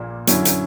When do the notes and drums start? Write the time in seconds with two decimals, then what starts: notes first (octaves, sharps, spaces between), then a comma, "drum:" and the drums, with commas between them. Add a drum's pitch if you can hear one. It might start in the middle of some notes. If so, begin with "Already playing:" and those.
Already playing: A#1 A#2 A#3
0.27 F#2 D3 F#3 C#4 E4, drum: hi-hat
0.45 drum: hi-hat